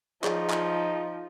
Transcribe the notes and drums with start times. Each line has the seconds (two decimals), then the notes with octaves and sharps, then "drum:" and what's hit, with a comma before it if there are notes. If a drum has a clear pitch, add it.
0.24 F3 D#4 G#4 C#5 D5, drum: clap
0.50 drum: clap